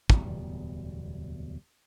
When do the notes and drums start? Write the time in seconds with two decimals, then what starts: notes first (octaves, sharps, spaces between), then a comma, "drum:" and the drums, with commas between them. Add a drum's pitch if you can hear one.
0.10 D1 E2 B2 G3, drum: kick